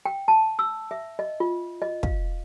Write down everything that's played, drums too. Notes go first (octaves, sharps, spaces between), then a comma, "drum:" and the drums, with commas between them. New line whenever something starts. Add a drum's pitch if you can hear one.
G5
A5
E6
E5
D#5
F4
D#5
F5, drum: kick